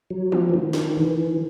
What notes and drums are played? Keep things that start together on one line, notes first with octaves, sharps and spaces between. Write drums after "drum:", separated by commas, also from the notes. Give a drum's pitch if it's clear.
F#3
F3, drum: tom G#3
E3
D#3
drum: snare
E3